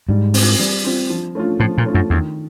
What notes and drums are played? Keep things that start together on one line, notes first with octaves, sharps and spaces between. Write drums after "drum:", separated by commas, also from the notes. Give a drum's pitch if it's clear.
G#2 G3
C4 F4, drum: open hi-hat
G3
C4 F4
F3
A3 C#4 F4
A2 F3
A#2
A3 C#4 F4
F#2
E2 D#3